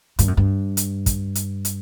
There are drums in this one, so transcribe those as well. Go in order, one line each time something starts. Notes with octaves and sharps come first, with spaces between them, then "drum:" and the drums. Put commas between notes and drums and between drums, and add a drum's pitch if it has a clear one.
G2, drum: hi-hat
F#2
G2
drum: hi-hat
drum: kick, hi-hat
drum: hi-hat
drum: hi-hat